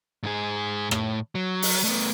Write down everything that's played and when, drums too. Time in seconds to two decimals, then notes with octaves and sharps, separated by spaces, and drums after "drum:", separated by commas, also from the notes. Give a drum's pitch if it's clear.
0.23 G#2 G#4
0.91 A2, drum: rim click
1.35 F#3
1.62 drum: open hi-hat
1.84 A3 B3